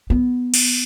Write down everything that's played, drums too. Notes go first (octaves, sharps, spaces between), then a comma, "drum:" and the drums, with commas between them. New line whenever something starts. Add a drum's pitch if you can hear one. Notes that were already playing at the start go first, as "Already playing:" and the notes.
B3
drum: cymbal